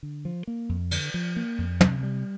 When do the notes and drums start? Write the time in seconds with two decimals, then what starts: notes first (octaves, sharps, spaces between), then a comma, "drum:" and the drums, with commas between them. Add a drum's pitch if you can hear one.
0.03 D3
0.25 F3
0.47 A#3
0.69 F2
0.91 D3, drum: cymbal
1.14 F3
1.36 A#3
1.58 F2
1.81 C3, drum: tom
2.03 G3